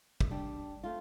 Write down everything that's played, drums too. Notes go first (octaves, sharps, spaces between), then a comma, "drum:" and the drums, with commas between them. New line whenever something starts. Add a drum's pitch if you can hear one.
drum: kick
G3 D4 G4
A3 C4 F4